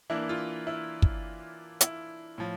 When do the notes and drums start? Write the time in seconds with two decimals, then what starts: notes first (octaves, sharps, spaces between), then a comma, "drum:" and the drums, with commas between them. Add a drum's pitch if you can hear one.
0.10 E3 A#3 D4 E4
0.29 F4
0.67 E4
1.02 drum: kick
1.81 E4, drum: hi-hat
2.38 A2 F3